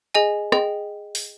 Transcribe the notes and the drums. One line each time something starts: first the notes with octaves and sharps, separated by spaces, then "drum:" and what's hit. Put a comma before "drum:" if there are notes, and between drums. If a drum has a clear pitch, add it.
G#4 D#5 G#5
G#4 D#5 G5, drum: rim click
drum: open hi-hat